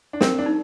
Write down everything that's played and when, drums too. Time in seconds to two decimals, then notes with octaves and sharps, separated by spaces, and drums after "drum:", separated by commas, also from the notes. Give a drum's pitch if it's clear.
0.13 D4
0.21 C4 A#4, drum: snare
0.38 D4
0.46 D#4